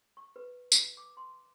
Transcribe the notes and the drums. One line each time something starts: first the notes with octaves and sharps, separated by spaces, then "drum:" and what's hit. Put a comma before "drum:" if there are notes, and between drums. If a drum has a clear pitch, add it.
C#6
B4
drum: tambourine
D6
C6